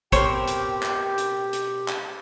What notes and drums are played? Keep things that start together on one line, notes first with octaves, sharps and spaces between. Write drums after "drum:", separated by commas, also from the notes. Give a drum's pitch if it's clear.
B2 C4 G4 A#4 C5 C#5 G5, drum: kick, hi-hat
drum: hi-hat
drum: clap
drum: hi-hat
drum: hi-hat
drum: clap